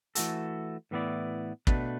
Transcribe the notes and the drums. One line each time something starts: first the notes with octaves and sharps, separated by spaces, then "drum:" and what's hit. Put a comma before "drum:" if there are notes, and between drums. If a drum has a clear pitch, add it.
E3 A3 F#4 A4, drum: hi-hat
A2 E3 B3 E4 D5
B2 A3 D4 B4, drum: kick